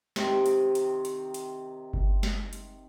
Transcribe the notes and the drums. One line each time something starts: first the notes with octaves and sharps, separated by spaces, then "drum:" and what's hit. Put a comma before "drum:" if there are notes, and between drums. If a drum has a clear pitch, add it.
C3 D#3 G5, drum: snare
drum: hi-hat
drum: hi-hat
drum: hi-hat
drum: hi-hat
drum: kick G1
drum: snare
drum: hi-hat